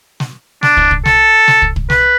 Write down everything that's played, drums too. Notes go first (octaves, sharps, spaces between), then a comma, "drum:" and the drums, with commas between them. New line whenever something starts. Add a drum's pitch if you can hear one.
drum: snare
D4, drum: snare
drum: kick
drum: kick
A4, drum: snare
drum: snare
drum: kick
drum: kick
B4, drum: snare